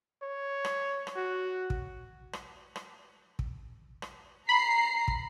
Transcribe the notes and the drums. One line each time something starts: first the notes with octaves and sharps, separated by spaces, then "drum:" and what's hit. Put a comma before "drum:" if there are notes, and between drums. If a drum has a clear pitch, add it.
C#5
drum: rim click
drum: rim click
F#4
drum: kick
drum: rim click
drum: rim click
drum: kick
drum: rim click
A#5 B5 C7
drum: kick